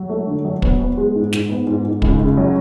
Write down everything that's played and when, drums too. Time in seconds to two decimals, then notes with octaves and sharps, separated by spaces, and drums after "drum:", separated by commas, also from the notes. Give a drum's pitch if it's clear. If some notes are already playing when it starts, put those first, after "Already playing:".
Already playing: F#3
0.09 A3
0.27 D3
0.45 F#3
0.62 B3, drum: kick
0.79 B3
0.97 G#3
1.15 G#2
1.33 G#2, drum: snare
1.50 B3
1.67 G#2
1.84 G#2
2.02 C#2, drum: kick
2.19 C#2
2.37 F#3